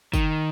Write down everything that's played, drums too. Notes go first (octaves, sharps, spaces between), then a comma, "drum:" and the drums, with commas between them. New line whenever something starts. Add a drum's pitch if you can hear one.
D#3, drum: kick, tambourine